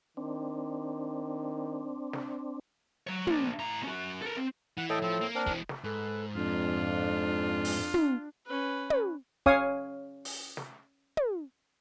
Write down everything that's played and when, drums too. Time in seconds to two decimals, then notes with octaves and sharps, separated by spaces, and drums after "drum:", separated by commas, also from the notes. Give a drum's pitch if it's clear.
0.17 D#3 C4 D4
2.13 drum: snare
3.07 F#3 C#5
3.27 A#3 D4, drum: tom
3.59 A2 A#5
3.84 C#4 F#4
4.22 A4 A#4
4.37 C4
4.78 E3 F#5
4.90 A2 A4 D#5 G5
5.02 F3 C4
5.21 A#3
5.35 C4 D4 A#4
5.47 E3 G#3, drum: kick
5.69 drum: snare
5.84 G#2 A4 B4
6.36 F2 D4 F4
7.65 drum: open hi-hat
7.94 drum: tom
8.46 C#4 B4
8.90 drum: tom
9.46 C#4 C#5 F5 G#5 D#6, drum: kick
10.25 drum: open hi-hat
10.57 drum: snare
11.17 drum: tom